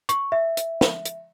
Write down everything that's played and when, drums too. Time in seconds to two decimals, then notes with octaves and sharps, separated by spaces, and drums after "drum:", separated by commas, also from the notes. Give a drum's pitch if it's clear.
0.09 C#6, drum: hi-hat
0.32 E5
0.57 drum: hi-hat
0.81 drum: snare
1.05 drum: hi-hat